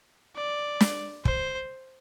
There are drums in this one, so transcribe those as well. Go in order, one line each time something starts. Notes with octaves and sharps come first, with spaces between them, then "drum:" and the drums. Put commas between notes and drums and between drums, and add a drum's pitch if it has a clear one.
D5
drum: snare
C5, drum: kick